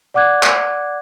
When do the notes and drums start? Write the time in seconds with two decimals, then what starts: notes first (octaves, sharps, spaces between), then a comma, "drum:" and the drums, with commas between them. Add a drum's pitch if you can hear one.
0.14 D5 F#5 D6 F#6 G#6
0.43 drum: clap